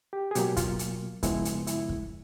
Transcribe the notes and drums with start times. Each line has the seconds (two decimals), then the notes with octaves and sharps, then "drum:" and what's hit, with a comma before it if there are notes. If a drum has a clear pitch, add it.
0.13 G4
0.31 G#4
0.35 B2 F#3 A#3 G4, drum: hi-hat
0.57 F4, drum: kick, hi-hat
0.79 drum: hi-hat
1.23 F#2 C#3 F3 G#3 B3 E4, drum: kick, hi-hat
1.45 drum: hi-hat
1.67 E4, drum: hi-hat
1.89 drum: kick